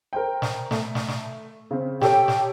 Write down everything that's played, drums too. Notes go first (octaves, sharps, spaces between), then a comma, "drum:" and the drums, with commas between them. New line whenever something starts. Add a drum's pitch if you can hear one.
A#4 C5 G5
drum: snare
A3, drum: snare
drum: snare
drum: snare
C#3 C4
G4 A4 C#5 G5, drum: snare
drum: snare